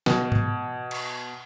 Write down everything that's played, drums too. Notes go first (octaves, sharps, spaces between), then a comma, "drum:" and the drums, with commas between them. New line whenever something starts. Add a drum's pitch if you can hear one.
B2, drum: snare
drum: tom
drum: cymbal